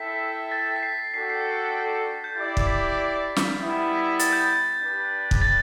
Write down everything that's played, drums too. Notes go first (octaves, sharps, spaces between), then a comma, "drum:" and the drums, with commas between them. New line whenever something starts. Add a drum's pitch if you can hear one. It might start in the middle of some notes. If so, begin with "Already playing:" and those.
Already playing: E4 A4 E5 G5 B6
A6
B6
C7
D4 F#4 A4 D5 G5 C7
C7
G6
E4 G4 D5 A6
drum: kick
B6
B6
drum: snare
G3 B3 E4
A6, drum: hi-hat
G6
A6
D4 G4 B4
drum: kick
A6